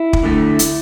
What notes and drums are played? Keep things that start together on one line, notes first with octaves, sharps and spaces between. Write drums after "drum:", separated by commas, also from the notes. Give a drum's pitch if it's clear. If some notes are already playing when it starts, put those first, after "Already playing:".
Already playing: E4
drum: kick
D3 A3
drum: hi-hat